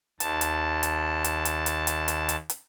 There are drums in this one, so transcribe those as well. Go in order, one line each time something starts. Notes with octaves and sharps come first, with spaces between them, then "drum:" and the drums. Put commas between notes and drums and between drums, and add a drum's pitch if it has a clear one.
D#2 A5, drum: hi-hat
drum: hi-hat
drum: hi-hat
drum: hi-hat
drum: hi-hat
drum: hi-hat
drum: hi-hat
drum: hi-hat
drum: hi-hat
drum: hi-hat